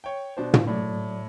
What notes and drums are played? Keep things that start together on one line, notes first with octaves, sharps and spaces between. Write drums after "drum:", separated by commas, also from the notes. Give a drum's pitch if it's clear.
C#5 G5
B2 D4 C5
drum: tom
A2 F#3 A3 D5